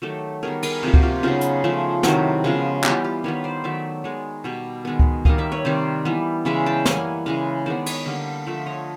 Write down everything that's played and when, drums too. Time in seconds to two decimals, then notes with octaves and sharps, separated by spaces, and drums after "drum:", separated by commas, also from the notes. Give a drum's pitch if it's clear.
0.02 D#3 F#3 A3 G4 A4
0.43 D#3 G3 B3 G#4 A#4
0.63 G#4 A#4, drum: cymbal
0.83 C3 F3 A#3 G4 A4
0.94 F#4, drum: kick C#2
1.03 F4 G4
1.23 C#3 F#3 B3 D#4 F4
1.41 drum: hi-hat
1.64 C#3 F3 A3
2.03 C3 D#3 F#3 E4 F#4, drum: snare
2.44 C#3 F3 G#3 B3
2.84 E3 G3 B3 F4 G4, drum: clap
3.04 F4 G4
3.24 D#3 G3 B3 B4 C#5
3.44 C5 D5
3.64 D#3 F#3 A3 D5 E5
4.04 D#3 G#3 B3
4.44 B2 G3 B3
4.85 D#3 G#3 B3
4.99 drum: kick C#2
5.25 D#3 G3 A#3 D#5 F5, drum: kick C#2
5.38 D5 E5
5.52 B4 C#5
5.65 C3 D#3 G3 C5 D5
6.05 E3 G3 B3
6.45 C#3 E3 G#3 D5 E5
6.66 G5 A5
6.85 E3 G3 A#3 F#5 G#5, drum: snare
7.26 C#3 E3 G#3 D#5 F5
7.66 D#3 G#3 B3 C5 D5
7.86 C#5 D#5, drum: cymbal
8.06 D3 G3 A#3
8.47 D3 F3 A3 D5 E5
8.66 C#5 D#5